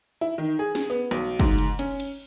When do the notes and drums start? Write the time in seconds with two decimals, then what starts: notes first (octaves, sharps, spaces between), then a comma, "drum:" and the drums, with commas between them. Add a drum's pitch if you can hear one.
0.21 E4
0.38 D#3
0.59 G#4
0.75 drum: snare
0.90 B3
1.11 B1
1.40 G#2, drum: kick, cymbal
1.58 drum: cymbal
1.79 C#4, drum: cymbal
2.00 drum: cymbal